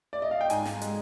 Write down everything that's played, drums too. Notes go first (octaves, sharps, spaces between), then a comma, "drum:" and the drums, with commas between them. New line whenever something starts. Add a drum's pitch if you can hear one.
D5
D#5
F5
G5
G#2 G#5, drum: hi-hat
drum: snare
G#3, drum: hi-hat